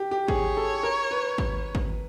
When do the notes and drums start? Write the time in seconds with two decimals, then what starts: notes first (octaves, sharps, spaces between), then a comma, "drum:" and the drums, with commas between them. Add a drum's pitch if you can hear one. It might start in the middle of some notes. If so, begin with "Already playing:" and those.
Already playing: G4
0.11 G4
0.28 G#4 C#5, drum: kick G#1
0.57 A4
0.83 A#4
1.11 B4
1.38 drum: kick G#1
1.75 drum: kick G#1